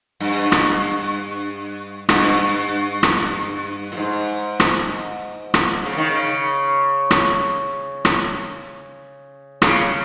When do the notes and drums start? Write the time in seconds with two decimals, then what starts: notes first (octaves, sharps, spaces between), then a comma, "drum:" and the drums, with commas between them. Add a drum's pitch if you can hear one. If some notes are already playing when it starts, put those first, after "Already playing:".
0.20 G2
0.52 drum: rim click
2.09 G2, drum: rim click
3.03 drum: rim click
3.92 A#2
3.97 G#2
4.60 drum: rim click
5.54 drum: rim click
5.85 C#3
5.97 D#3
6.10 C#3
7.11 drum: rim click
8.05 drum: rim click
9.62 C#3, drum: rim click